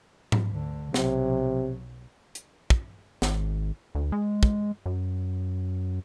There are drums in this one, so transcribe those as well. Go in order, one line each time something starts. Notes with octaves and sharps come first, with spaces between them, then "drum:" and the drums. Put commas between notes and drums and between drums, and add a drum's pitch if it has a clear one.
drum: tom G#2
D2 D3
B1 C3 F#3, drum: snare
drum: hi-hat
drum: kick
G#1, drum: snare
D2
G#3
drum: kick
F#2